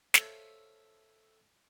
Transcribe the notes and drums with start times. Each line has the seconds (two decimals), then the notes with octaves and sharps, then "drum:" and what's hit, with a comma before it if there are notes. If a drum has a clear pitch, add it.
0.14 A4 C5 C#5 E5 F5, drum: snare